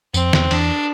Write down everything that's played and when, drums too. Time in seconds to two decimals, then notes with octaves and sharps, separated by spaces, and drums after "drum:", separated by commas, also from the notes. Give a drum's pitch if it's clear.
0.14 F2 C4, drum: tambourine
0.33 E2, drum: snare
0.51 E2 D4, drum: cymbal